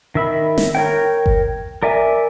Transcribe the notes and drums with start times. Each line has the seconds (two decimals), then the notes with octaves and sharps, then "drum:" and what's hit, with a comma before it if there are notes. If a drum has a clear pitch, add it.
0.15 D#3 E5 B5
0.58 drum: snare
0.75 A#4 C#5 G5
1.26 drum: kick G1
1.83 A#4 D5 E5 G#5